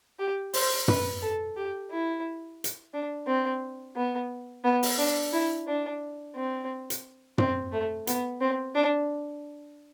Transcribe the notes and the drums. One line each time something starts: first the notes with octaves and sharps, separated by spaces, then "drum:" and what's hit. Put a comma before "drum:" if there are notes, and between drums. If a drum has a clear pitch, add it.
G4
C5, drum: open hi-hat
B4, drum: tom
A4
G4
E4
drum: hi-hat
D4
C4
B3
B3
drum: open hi-hat
D4
E4
D4
C4
drum: hi-hat
C4, drum: tom
A3
B3, drum: hi-hat
C4
D4